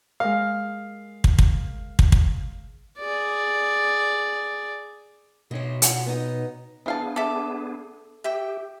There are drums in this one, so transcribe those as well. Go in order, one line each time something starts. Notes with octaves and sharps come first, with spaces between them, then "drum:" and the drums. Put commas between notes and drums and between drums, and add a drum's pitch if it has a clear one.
G#3 A#4 F5
drum: kick
drum: kick
drum: kick
drum: kick
G#4 D5
B2 C#5 D#5 E5
F4 F#5, drum: hi-hat
B3 D#4 D#5
E3 B3 D4 G#4 F5 A5
A4 E5 D6
G4 E5 G5